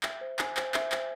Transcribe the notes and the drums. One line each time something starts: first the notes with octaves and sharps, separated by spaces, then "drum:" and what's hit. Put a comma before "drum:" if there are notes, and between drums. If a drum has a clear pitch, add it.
E5, drum: clap
C5
G#5, drum: clap
C5, drum: clap
E5, drum: clap
C5, drum: clap